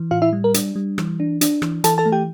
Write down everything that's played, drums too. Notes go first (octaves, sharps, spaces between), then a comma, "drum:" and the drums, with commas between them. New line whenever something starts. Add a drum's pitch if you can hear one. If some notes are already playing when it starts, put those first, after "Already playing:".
Already playing: E3
A2 F4 F5
E4 E5
G3
A#4
D4, drum: hi-hat
G3
E3, drum: rim click
D4
D4, drum: hi-hat
E3, drum: rim click
E3 A4 A5, drum: hi-hat
A4 A5
A3
G4 G5